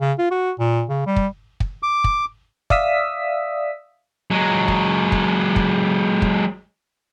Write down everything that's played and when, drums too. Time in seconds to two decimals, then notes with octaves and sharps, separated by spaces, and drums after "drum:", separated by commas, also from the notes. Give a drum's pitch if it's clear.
0.01 C#3
0.19 F4
0.31 F#4
0.59 A#2
0.89 C#3
1.07 G3
1.16 drum: kick
1.60 drum: kick
1.83 D6
2.04 drum: kick
2.70 D5 E5 F5 D#6 E6 B6, drum: kick
4.31 F#3 G#3
4.68 drum: kick
5.12 drum: kick
5.56 drum: kick
6.22 drum: kick